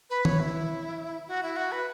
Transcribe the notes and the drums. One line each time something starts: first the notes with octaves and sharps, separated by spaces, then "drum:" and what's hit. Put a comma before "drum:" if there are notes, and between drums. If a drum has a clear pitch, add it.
B4
C#5, drum: tom D#3
E4
F#4
E4
F#4
B4